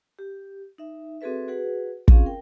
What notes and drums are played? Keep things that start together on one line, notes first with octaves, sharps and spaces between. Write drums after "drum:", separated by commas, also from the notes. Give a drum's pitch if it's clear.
G4
D#4 E5
C4 F#4 G#4 A4 B4 E5
F#4 G#4 B4 F#5
C4 C#4 F4 G#4 F5, drum: kick
A#4 G5